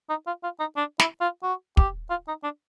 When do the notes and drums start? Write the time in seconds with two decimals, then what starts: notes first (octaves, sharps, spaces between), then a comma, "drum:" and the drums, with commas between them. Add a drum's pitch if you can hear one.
0.09 D#4
0.27 F4
0.43 F4
0.60 D#4
0.77 D4
0.99 E4, drum: snare
1.21 F4
1.43 F#4
1.77 G4, drum: kick
2.10 F4
2.28 D#4
2.43 D4